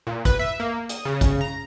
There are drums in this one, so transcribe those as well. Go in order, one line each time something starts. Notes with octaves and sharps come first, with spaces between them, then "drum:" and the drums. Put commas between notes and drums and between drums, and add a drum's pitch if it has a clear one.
A#2
B4, drum: kick, hi-hat
E5
A#3
D#6, drum: hi-hat
C#3
drum: kick, hi-hat
A#5